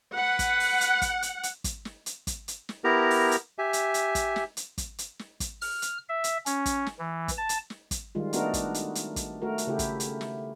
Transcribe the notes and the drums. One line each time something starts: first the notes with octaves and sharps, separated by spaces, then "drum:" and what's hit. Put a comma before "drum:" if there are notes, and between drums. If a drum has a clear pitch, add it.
B4 F#5
drum: kick, hi-hat
drum: open hi-hat
drum: hi-hat
drum: kick, hi-hat
drum: hi-hat
drum: hi-hat
drum: kick, hi-hat
drum: snare
drum: hi-hat
drum: kick, hi-hat
drum: hi-hat
drum: snare
B3 E4 G4 A#4 A#5
drum: open hi-hat
drum: hi-hat
G4 E5 G#5
drum: hi-hat
drum: hi-hat
drum: kick, hi-hat
drum: snare
drum: hi-hat
drum: kick, hi-hat
drum: hi-hat
drum: snare
drum: kick, hi-hat
F6, drum: open hi-hat
drum: hi-hat
E5
drum: hi-hat
C#4, drum: hi-hat
drum: kick, hi-hat
drum: snare
E3
drum: kick, hi-hat
A5
drum: hi-hat
drum: snare
drum: kick, hi-hat
D#3 G3 G#3 F4
A3 B3 D4 D#4 F#4 A#4, drum: hi-hat
drum: kick, hi-hat
drum: hi-hat
drum: hi-hat
drum: kick, hi-hat
A3 F#4 A#4
drum: hi-hat
C#3 A3 E4 G4
drum: kick, hi-hat
drum: hi-hat
drum: snare